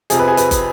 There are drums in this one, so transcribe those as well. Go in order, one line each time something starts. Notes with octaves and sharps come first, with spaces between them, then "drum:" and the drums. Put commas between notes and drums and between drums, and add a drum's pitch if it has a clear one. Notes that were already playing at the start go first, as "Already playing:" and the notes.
F2 C3 F3 C4 G#4, drum: hi-hat
B4
G#4
B4, drum: hi-hat
drum: kick, hi-hat